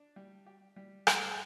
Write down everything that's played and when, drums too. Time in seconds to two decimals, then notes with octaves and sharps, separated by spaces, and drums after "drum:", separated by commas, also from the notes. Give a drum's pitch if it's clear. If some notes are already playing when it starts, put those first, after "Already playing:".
Already playing: D4
0.16 G3
0.46 G4
0.76 G3
1.07 G2, drum: rim click